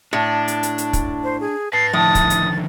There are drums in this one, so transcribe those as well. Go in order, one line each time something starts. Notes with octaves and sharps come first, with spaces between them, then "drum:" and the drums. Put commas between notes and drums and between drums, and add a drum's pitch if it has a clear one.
A2 D4
drum: hi-hat
drum: hi-hat
drum: hi-hat
drum: kick, hi-hat
C5
G#4
B4 A5 A6 C7
A2 D3 D#3 F3 D#6
drum: kick, hi-hat
drum: hi-hat